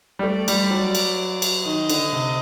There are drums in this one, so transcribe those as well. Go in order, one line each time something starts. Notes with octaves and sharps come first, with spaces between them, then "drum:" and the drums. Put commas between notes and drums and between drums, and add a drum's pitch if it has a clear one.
G3
A3 D5
G3, drum: cymbal
F#3
drum: cymbal
drum: cymbal
D#3 D#5
D3, drum: cymbal
C3